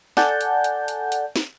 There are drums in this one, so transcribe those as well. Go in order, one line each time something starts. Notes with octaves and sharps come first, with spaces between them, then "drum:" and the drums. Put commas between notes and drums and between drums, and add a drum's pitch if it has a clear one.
A4 D5 F#5 G#5 A5 G6, drum: snare
drum: hi-hat
drum: hi-hat
drum: hi-hat
drum: hi-hat
drum: snare